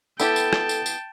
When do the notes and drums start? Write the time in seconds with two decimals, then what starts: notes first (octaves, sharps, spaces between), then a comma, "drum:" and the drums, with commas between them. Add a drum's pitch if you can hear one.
0.19 B3 E4 G4 A4 G5 A5, drum: tambourine
0.36 drum: tambourine
0.53 drum: rim click
0.69 drum: tambourine
0.86 drum: tambourine